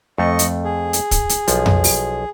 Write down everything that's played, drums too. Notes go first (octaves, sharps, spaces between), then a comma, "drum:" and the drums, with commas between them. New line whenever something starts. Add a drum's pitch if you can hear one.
F2 A3 D#5 C#6
drum: hi-hat
G#4
drum: hi-hat
drum: kick, hi-hat
drum: hi-hat
B1 F3, drum: hi-hat
drum: tom F2
drum: open hi-hat